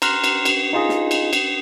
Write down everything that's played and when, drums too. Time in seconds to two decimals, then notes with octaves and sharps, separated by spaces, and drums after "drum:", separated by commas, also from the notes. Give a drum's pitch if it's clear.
0.02 A#5 C6 F6 F#6, drum: cymbal
0.24 drum: cymbal
0.45 drum: cymbal
0.73 D#4 F4 G#4 D#5
0.89 drum: snare
1.11 drum: cymbal
1.33 drum: cymbal